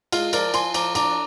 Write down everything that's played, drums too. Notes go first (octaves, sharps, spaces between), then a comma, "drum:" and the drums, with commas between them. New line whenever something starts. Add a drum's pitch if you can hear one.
G#3 F4, drum: cymbal
F3 A#4 D5, drum: cymbal
F3 G#5 C6, drum: cymbal
F3 A#5 D6, drum: cymbal
D4 A#5 D6, drum: cymbal